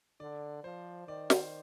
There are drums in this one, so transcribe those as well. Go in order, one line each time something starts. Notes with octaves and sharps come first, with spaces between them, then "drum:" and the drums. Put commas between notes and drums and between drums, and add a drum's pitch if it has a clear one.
D3 D5
F3 C5
D#3 D5
C5, drum: snare